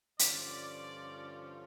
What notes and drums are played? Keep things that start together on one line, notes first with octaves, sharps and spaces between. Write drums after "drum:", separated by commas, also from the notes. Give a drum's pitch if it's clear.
G2 D3 F3 C#4 F4 D5, drum: hi-hat